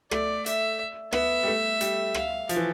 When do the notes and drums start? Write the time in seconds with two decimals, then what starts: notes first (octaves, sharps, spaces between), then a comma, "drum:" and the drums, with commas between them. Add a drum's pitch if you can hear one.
0.11 A3 D5, drum: rim click
0.46 E5, drum: hi-hat
1.13 B3 E5, drum: rim click
1.43 G3
1.47 A3
1.81 G3, drum: hi-hat
2.14 F5, drum: rim click
2.49 F3, drum: hi-hat
2.56 E3